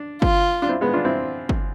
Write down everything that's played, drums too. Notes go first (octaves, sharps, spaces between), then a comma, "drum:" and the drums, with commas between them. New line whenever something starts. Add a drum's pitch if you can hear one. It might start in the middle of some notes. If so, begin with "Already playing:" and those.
Already playing: D4
F4, drum: kick G1
D4
C4 E4
G#3 B3
D4 F4
C4 E4
drum: kick G1